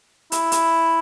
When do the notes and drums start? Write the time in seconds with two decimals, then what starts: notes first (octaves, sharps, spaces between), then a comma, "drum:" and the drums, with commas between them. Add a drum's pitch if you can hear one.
0.32 E4, drum: hi-hat
0.52 drum: hi-hat